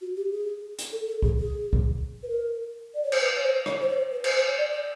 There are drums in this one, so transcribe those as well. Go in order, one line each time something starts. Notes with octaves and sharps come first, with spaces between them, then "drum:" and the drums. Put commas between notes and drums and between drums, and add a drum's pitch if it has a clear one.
F#4
G4
G#4
drum: hi-hat
A4
A4
G#4, drum: kick
G#4
drum: kick
B4
A#4
D5
C#5
C5, drum: cymbal
B4
C#5
C5
C#5, drum: rim click
C5
C#5
C5
B4
C5, drum: cymbal
C5
C#5
D5
D5